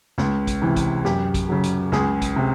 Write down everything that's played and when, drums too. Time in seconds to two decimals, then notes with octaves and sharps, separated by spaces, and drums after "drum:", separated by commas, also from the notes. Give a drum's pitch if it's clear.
0.18 C#2, drum: snare
0.47 drum: kick, hi-hat
0.62 C3 E3
0.76 drum: kick, hi-hat
1.05 F#2 G4, drum: snare
1.34 drum: kick, hi-hat
1.49 C#3 F#3
1.63 drum: hi-hat
1.92 C#2 G#4, drum: snare
2.22 drum: kick, hi-hat
2.36 C3